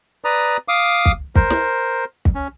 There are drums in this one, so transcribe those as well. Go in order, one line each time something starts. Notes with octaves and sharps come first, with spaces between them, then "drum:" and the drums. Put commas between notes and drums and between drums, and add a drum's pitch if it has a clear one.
B4 D5 A#5 D#6
F5 D6 D#6
drum: kick
A#4 C5, drum: kick
drum: snare
drum: kick
C#4